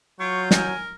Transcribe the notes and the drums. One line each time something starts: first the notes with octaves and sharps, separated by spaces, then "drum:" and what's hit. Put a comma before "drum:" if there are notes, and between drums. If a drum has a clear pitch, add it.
F#3 F4 C#6 G6
A#4 G#5, drum: snare